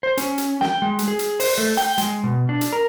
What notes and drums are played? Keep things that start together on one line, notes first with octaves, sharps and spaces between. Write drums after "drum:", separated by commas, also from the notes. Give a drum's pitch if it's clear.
C5
C#4, drum: hi-hat
drum: hi-hat
G5, drum: snare
G#3
drum: hi-hat
G#4
drum: hi-hat
C5, drum: open hi-hat
A3
G5, drum: hi-hat
G#3, drum: hi-hat
B2
D4
drum: hi-hat
A#4